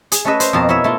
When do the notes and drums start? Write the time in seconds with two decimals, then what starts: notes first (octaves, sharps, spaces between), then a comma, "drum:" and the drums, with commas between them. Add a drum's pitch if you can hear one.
0.12 G#4, drum: hi-hat
0.25 A3 C#4 A4 B4 D#5 E5
0.40 C5, drum: hi-hat
0.53 F2 B2 A#4 A5
0.69 E4 C#5 D#5 E5
0.84 A3 E4 F4